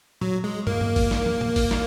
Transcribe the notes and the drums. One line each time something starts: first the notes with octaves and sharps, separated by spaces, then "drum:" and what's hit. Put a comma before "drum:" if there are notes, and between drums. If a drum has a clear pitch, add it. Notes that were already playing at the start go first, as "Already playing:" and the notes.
F#3, drum: tom A#2
G#3
A#3, drum: tom
drum: tom G2
drum: kick, open hi-hat
drum: snare
drum: tom
drum: tom A#2
drum: kick, open hi-hat
drum: snare